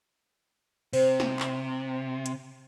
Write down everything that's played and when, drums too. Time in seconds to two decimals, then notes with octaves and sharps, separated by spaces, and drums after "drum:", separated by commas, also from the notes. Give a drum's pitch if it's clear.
0.93 C3 C5, drum: open hi-hat
1.20 drum: snare
1.40 drum: clap
2.26 drum: hi-hat